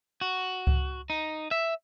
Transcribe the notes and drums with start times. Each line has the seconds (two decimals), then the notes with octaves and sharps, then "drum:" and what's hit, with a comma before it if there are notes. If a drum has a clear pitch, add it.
0.21 F#4
0.67 drum: kick C#2
1.10 D#4
1.51 E5